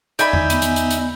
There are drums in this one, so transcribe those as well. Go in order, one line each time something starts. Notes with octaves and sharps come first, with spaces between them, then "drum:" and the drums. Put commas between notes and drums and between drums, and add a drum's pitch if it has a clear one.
D#4 D5 E5 G#5 B5 G6, drum: hi-hat
drum: tom E2
B3, drum: hi-hat
drum: hi-hat
drum: hi-hat
drum: hi-hat